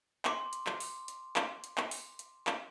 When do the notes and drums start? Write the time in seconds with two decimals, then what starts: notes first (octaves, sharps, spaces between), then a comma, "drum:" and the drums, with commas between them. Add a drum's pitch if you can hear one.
0.25 C6 D6, drum: clap
0.53 drum: hi-hat
0.67 drum: clap
0.80 drum: open hi-hat
1.08 drum: hi-hat
1.36 drum: clap
1.64 drum: hi-hat
1.78 drum: clap
1.91 drum: open hi-hat
2.19 drum: hi-hat
2.47 drum: clap